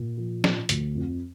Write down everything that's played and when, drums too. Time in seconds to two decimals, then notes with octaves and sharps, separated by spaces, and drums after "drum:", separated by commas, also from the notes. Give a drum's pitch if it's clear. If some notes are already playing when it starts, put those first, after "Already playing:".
Already playing: A#2
0.17 F3
0.44 F3, drum: snare
0.69 D2, drum: hi-hat
0.95 F2